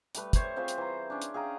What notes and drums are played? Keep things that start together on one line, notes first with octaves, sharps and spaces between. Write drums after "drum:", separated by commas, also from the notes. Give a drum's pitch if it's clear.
G3 A3 B4, drum: hi-hat
C5 C#5 B5 C#6, drum: kick, hi-hat
C4 F4 G#4 E5
drum: hi-hat
E3 A#5
C#4 D4
drum: hi-hat
G#4 F5 G5 A#5